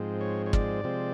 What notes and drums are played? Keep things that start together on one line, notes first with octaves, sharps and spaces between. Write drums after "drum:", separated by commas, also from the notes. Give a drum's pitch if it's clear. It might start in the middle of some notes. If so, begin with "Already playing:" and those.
Already playing: G#2 F3 G#3 C4
C#5
C#5
D5, drum: kick
C3 F3 G#3 C4